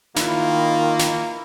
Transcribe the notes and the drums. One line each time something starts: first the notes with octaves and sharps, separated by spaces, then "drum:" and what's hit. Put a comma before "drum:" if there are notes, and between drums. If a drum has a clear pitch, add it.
D#3 A#3 E4 F4 B4, drum: snare
drum: snare